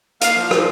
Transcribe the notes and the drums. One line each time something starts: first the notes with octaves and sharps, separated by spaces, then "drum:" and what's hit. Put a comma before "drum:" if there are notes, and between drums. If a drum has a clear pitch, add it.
A#3 F5, drum: hi-hat
F3
F3, drum: rim click